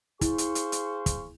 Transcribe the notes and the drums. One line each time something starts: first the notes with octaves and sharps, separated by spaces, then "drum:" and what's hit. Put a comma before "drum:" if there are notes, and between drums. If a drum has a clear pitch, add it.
E4 G#4 C5 F5 C#6, drum: kick, hi-hat
drum: hi-hat
drum: hi-hat
drum: hi-hat
drum: kick, hi-hat